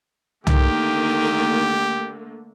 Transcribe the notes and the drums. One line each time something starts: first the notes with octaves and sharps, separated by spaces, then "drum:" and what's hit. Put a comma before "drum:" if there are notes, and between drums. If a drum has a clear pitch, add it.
D3 D#3 A3 A#3 G4, drum: tom